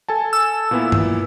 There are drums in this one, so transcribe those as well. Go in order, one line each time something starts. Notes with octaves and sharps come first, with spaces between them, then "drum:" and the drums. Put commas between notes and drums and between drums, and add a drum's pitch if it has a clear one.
A4 G#5 A5
E6
A#2 B3 E4
drum: tom G2